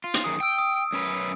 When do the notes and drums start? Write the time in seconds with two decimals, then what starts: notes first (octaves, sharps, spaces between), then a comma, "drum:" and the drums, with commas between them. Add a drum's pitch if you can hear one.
0.04 F4
0.14 drum: hi-hat
0.24 F#2 D#3 G#4 D#6
0.40 G5 E6 D7
0.58 D#6
0.92 F#2 C#4 B4